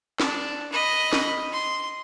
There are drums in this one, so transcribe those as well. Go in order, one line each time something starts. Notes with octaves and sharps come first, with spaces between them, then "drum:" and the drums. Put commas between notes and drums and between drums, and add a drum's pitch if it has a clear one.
D4, drum: snare
D#5 B5
drum: snare
C6